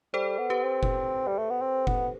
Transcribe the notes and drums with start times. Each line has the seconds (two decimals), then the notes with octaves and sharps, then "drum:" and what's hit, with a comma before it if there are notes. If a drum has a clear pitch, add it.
0.14 G3 A4 C5
0.39 B3
0.50 G4 B4
0.63 C4
0.83 drum: kick F1
1.27 G3
1.38 A3
1.50 B3
1.61 C4
1.87 B3, drum: kick F1